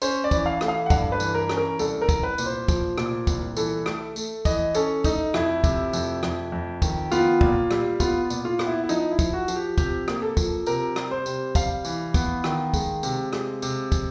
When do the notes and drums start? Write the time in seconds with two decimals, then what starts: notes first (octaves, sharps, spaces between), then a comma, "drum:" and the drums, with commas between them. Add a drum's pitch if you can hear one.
0.02 C#4 C5, drum: tambourine
0.24 D5
0.31 E3, drum: kick, tambourine
0.46 F5
0.61 A3, drum: rim click
0.68 F5
0.86 F#5
0.90 G2 F5, drum: kick, tambourine
1.12 B4
1.20 E3, drum: tambourine
1.35 A#4
1.49 C#4, drum: rim click
1.57 A#4
1.79 C2 A4, drum: tambourine
2.02 A#4
2.09 C2, drum: kick, tambourine
2.23 B4
2.38 A#2, drum: tambourine
2.46 C5
2.68 F3, drum: kick, tambourine
2.98 A#2, drum: rim click
3.27 C2, drum: kick, tambourine
3.57 E3 A4, drum: tambourine
3.86 A3, drum: rim click
4.16 A3, drum: tambourine
4.45 E3 D#5, drum: kick, tambourine
4.75 C#4 A4, drum: tambourine
5.04 A3 D#4, drum: kick, tambourine
5.34 F2 E4, drum: rim click
5.64 C3, drum: kick, tambourine
5.93 F2, drum: tambourine
6.23 F2, drum: rim click
6.52 F2
6.82 D#3, drum: kick, tambourine
7.11 B3 F4, drum: tambourine
7.41 A#2, drum: kick
7.71 G3, drum: rim click
8.00 B3 F4, drum: kick, tambourine
8.30 A#2, drum: tambourine
8.45 F4
8.59 B3, drum: rim click
8.67 E4
8.84 E4
8.89 F3 D#4, drum: tambourine
9.11 E4
9.19 F3, drum: kick, tambourine
9.33 F#4
9.48 F3, drum: tambourine
9.56 G4
9.78 C3 G4, drum: kick, tambourine
10.08 A#3, drum: rim click
10.22 A4
10.37 F3, drum: kick, tambourine
10.66 C3 A#4, drum: tambourine
10.96 G3, drum: rim click
11.11 C5
11.26 C3, drum: tambourine
11.55 G3 F5, drum: kick, tambourine
11.85 E3, drum: tambourine
12.14 B3, drum: kick, tambourine
12.44 D#3, drum: rim click
12.74 G#3, drum: kick, tambourine
13.03 C3, drum: tambourine
13.33 G#3, drum: rim click
13.62 C3, drum: tambourine
13.92 drum: kick, tambourine